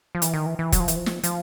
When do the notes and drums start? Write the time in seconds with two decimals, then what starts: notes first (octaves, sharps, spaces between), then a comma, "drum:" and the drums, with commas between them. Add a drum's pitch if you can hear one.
0.15 F3
0.22 E3, drum: hi-hat
0.34 D#3
0.46 E3
0.59 E3
0.72 F#3, drum: kick, hi-hat
0.80 F3
0.88 E3, drum: hi-hat
0.96 F3
1.06 drum: snare
1.23 F3, drum: hi-hat